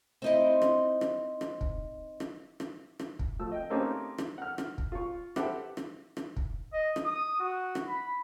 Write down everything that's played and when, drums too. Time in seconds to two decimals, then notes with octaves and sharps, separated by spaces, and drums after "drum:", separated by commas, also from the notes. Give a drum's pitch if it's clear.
0.22 C4 D#4 E4
0.62 drum: rim click
1.01 drum: rim click
1.41 drum: rim click
1.61 drum: kick
2.20 drum: rim click
2.60 drum: rim click
2.99 drum: rim click
3.19 drum: kick
3.39 F3 A3 E6
3.52 D#5 G5
3.70 A3 A#3 C4 C#4 D#4 G4
4.18 drum: rim click
4.38 F#5 F6
4.58 drum: rim click
4.78 drum: kick
4.92 F4 C#6
5.36 G4 A4 B4 C5 E5 F#5, drum: rim click
5.77 drum: rim click
6.17 drum: rim click
6.36 drum: kick
6.73 D#5
6.96 drum: rim click
7.05 D#6
7.40 F#4
7.75 drum: rim click
7.86 B5